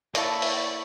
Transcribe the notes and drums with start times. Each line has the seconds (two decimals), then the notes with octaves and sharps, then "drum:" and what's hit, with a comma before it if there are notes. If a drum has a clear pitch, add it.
0.15 A#3 E4 A4 C#5 D5 E5 B5 C#6, drum: hi-hat
0.42 drum: open hi-hat